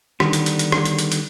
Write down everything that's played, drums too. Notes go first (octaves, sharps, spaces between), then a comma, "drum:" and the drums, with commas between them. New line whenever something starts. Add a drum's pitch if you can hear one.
D3 D#3 G3 B3, drum: rim click
drum: hi-hat
drum: hi-hat
drum: hi-hat
drum: rim click
drum: hi-hat
drum: hi-hat
drum: hi-hat